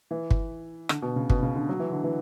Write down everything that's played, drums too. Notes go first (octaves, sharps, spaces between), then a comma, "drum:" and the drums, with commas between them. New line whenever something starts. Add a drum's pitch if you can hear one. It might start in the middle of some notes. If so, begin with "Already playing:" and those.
E3
drum: kick G1
D3, drum: rim click
B2
C#3
B2, drum: kick G1
C#3
D3
F#3
E3
D3
E3